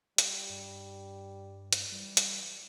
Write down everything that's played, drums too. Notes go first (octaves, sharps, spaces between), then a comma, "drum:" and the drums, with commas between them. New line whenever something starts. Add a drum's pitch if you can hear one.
G3, drum: hi-hat
G2
drum: hi-hat
E3 G3
drum: hi-hat